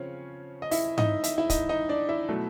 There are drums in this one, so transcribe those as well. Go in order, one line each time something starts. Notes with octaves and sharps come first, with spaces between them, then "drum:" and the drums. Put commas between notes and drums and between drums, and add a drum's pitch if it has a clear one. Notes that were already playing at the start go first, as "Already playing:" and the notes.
Already playing: C#3 F3 C4 C#4 C#5
D#5
E4 E5, drum: open hi-hat
D#4 D#5, drum: tom G#2
E5, drum: hi-hat
E4 E5
D#4 D#5, drum: kick, hi-hat
D#4 D#5
D4 D5
E4 E5
B2 F#3 A3